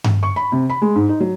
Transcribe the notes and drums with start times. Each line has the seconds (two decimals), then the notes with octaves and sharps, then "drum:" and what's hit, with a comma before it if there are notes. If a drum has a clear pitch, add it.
0.04 drum: tom G2
0.23 C#6
0.36 B5
0.52 C3
0.70 B5
0.82 G#3
0.95 G#2
1.09 D#4
1.20 F#3